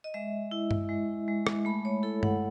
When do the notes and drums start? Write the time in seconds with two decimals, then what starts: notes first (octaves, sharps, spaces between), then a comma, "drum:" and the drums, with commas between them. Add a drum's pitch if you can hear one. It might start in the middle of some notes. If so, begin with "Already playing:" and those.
0.04 D#5
0.14 G#3 E5
0.51 E4
0.71 drum: tom G2
0.89 G#3
1.28 G#3
1.47 drum: rim click
1.65 A3 B5
1.85 C#5
2.03 E4 A4
2.23 F#5, drum: tom G2